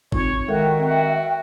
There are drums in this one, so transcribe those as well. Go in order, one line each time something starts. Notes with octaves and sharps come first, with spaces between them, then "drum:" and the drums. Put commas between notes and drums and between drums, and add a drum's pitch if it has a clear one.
C4 D#4 F4 C#5, drum: kick
D#3 G#3 F#4 A4 A#4 E5 G5
C4 F#4 A#4